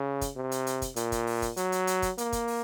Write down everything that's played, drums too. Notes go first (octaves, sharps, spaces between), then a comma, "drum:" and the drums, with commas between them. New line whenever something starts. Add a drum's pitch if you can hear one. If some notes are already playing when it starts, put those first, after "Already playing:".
Already playing: C#3
drum: kick, hi-hat
C3
drum: hi-hat
drum: hi-hat
drum: kick, hi-hat
A#2, drum: hi-hat
drum: kick, hi-hat
drum: open hi-hat
drum: kick, hi-hat
F#3, drum: hi-hat
drum: hi-hat
drum: hi-hat
drum: kick, hi-hat
A#3, drum: hi-hat
drum: kick, hi-hat
drum: open hi-hat